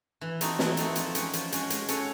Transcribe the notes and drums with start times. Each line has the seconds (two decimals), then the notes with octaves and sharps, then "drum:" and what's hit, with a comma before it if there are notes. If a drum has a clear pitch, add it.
0.21 E3
0.41 A3 C4 D#4 F#4, drum: hi-hat
0.59 E3, drum: snare
0.77 A3 C4 D#4 F#4, drum: hi-hat
0.96 F3, drum: hi-hat
1.15 G#3 C#4 F#4, drum: hi-hat
1.33 F3, drum: hi-hat
1.52 G#3 C#4 F#4, drum: hi-hat
1.70 G#3, drum: hi-hat
1.88 C#4 F#4 A4 C#5, drum: hi-hat